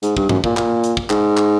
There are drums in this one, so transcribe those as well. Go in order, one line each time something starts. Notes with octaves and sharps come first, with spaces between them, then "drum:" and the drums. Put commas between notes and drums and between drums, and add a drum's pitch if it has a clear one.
G#2, drum: hi-hat
G2, drum: kick
F#2, drum: tom G2
A#2, drum: kick
A#2, drum: clap
drum: hi-hat
drum: kick
G#2, drum: clap
drum: clap